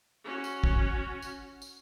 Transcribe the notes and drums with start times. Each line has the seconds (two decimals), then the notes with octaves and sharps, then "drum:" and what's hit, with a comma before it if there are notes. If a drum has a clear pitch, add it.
0.24 C#4 F#4
0.44 drum: tambourine
0.64 drum: kick
1.22 drum: tambourine
1.62 drum: tambourine